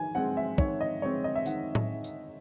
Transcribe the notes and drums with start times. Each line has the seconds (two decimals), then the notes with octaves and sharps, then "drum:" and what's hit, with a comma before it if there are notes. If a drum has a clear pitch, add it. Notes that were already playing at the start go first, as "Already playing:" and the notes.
Already playing: D#3 G#5
0.15 G#3 C4 F#5
0.37 E5
0.58 D#3 C#5, drum: kick
0.81 D#5
1.02 G#3 C4 C#5
1.24 D#5
1.35 E5
1.46 D#3 F#5, drum: tambourine
1.75 drum: tom A2
2.04 drum: tambourine